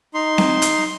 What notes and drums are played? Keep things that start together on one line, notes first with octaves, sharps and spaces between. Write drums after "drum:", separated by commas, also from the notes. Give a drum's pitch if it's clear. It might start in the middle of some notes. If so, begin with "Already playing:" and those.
D#4 C6
drum: snare C4
drum: hi-hat